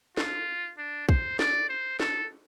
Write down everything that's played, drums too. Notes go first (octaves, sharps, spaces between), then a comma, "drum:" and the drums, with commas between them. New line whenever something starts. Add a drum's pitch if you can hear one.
F4, drum: snare
D4
C5, drum: kick
D5, drum: snare
C5
A4, drum: snare